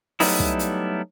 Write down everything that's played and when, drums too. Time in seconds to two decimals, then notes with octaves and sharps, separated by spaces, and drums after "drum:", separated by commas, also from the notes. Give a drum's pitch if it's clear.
0.20 F#3 G3 A3 B3 D#4 E4, drum: open hi-hat
0.40 drum: kick
0.59 drum: hi-hat